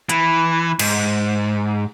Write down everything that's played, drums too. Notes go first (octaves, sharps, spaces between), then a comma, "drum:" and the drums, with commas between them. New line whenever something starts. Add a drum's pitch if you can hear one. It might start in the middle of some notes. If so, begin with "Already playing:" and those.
E3, drum: hi-hat
G#2, drum: cymbal